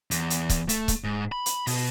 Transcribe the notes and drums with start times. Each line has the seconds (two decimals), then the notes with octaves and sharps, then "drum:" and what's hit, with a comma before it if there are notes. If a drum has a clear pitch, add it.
0.11 E2, drum: hi-hat
0.30 drum: hi-hat
0.49 drum: kick, hi-hat
0.69 A3, drum: hi-hat
0.88 drum: kick, hi-hat
1.04 G#2
1.32 B5
1.46 drum: hi-hat
1.67 B2, drum: open hi-hat